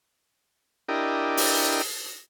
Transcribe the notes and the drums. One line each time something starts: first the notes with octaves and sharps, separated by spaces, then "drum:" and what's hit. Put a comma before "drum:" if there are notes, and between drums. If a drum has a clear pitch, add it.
D4 E4 G4 A#4 D#5
drum: open hi-hat